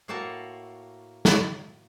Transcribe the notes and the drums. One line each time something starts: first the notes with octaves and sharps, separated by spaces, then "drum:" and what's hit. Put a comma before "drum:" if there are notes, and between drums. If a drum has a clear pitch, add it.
A2 A#3 F#4 A4 A5 A#5
drum: snare